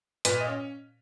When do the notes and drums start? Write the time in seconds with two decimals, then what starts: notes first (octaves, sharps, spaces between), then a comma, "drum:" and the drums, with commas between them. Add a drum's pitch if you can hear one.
0.25 A#2 B4, drum: hi-hat
0.40 D#5
0.47 C#4